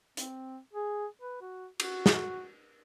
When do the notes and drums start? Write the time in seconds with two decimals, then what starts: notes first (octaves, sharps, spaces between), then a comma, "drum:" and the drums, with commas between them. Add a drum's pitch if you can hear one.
0.17 C4, drum: hi-hat
0.73 G#4
1.22 B4
1.41 F#4
1.80 F#4, drum: cymbal
2.06 drum: snare